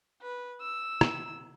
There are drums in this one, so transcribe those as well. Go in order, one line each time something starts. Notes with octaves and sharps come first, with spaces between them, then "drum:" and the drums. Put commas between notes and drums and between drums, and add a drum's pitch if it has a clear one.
B4
E6
drum: rim click